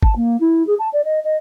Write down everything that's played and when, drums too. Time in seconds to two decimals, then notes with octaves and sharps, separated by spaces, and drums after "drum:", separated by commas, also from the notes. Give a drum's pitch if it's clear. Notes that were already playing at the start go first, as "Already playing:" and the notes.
0.03 A5, drum: kick G1
0.15 A#3
0.40 E4
0.66 G#4
0.79 A5
0.92 D5
1.04 D#5
1.24 D#5